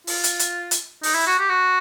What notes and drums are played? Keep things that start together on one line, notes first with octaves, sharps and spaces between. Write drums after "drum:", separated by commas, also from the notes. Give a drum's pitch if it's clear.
F4, drum: open hi-hat
drum: hi-hat
drum: hi-hat
drum: hi-hat
D#4, drum: open hi-hat
E4
F#4
G4
F#4